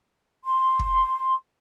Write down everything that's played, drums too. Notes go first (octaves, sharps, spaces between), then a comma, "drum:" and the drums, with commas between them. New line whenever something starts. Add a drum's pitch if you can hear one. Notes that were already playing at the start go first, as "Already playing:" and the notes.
C6
drum: kick